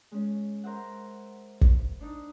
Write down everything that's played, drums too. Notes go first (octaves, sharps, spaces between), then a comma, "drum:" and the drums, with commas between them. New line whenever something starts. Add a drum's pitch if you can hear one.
G#3 C#4
A#4 C5 E5 F#5
drum: kick
D4 D#4